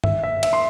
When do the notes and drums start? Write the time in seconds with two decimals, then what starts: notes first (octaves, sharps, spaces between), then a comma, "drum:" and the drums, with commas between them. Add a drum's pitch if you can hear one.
0.04 E5, drum: tom G2
0.23 E5
0.43 E5, drum: cymbal
0.53 C6